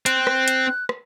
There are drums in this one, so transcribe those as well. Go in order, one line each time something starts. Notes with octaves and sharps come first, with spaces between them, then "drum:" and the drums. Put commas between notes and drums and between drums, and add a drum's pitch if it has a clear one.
C4 F#6, drum: hi-hat
drum: rim click
drum: hi-hat
drum: rim click